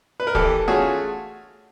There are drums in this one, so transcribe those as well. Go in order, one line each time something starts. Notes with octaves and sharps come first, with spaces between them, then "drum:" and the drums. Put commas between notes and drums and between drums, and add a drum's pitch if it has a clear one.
B4
A#4
E3 G4 A4, drum: kick
A3 C#4 F4 F#4 G#4